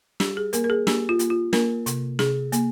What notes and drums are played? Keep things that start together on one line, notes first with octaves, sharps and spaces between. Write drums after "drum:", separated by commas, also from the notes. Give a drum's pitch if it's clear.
G3 G4, drum: snare
G#4
A#3 A#4, drum: hi-hat
A#4
G#4
A#3 G4, drum: snare
F4
A#3, drum: hi-hat
F4
A#3 A#4, drum: snare
C3, drum: hi-hat
C3 G#4, drum: snare
A#3, drum: hi-hat